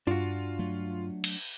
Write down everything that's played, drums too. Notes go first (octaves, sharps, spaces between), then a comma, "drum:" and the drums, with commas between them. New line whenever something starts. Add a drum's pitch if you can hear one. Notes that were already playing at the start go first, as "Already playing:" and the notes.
G2 D4 F4 F#4
F#3 A3
drum: cymbal